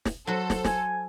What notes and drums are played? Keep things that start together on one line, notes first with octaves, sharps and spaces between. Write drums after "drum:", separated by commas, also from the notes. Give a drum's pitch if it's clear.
drum: snare
F#3 F#4 A4 C5
drum: snare
G#5, drum: snare